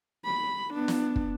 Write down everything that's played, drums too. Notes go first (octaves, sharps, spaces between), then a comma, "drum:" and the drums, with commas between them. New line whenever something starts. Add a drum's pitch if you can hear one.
B5
B3 D4
drum: snare
drum: kick